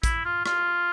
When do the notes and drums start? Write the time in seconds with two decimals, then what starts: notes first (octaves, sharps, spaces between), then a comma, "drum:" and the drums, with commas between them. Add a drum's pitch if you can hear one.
0.03 E4, drum: kick A#1, hi-hat
0.25 F4
0.46 F4, drum: rim click